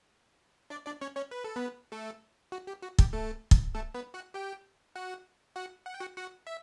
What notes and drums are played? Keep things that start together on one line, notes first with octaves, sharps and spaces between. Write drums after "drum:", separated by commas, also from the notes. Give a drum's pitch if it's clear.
D4 D5
D4 D5
C#4 C#5
C#4 C#5
B4
A4
B3 B4
A3 A4
F#4
G4
F#4
G4, drum: kick
A3 A4
drum: kick
A3 A4
B3 B4
F#4 F#5
G4 G5
F#4 F#5
F#4 F#5
F#5
G5
F#4 F#5
F#4 F#5
E5